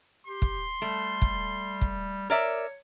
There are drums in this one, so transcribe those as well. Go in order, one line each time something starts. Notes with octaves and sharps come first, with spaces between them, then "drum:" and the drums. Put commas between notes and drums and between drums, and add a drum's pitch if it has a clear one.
G4 C6
drum: kick
G3 A3
drum: kick
drum: kick
A#4 C#5 D5 E5